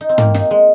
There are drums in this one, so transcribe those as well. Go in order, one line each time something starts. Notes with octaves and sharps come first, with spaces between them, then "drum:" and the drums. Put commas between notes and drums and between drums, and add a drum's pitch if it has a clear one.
D#4
C4
A#3, drum: tom
D#4, drum: snare
G#3